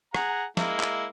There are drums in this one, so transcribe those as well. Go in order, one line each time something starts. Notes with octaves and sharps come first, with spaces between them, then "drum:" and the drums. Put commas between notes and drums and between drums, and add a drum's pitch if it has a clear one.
G#4 F#5 A#5, drum: rim click
G#3 A#3 E4, drum: snare
drum: clap